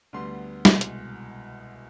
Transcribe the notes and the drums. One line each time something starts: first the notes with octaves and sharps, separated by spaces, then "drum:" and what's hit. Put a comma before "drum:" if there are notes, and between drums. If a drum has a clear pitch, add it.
D2 D3 G3 B3 C6
C2 B2 G#3, drum: snare
drum: hi-hat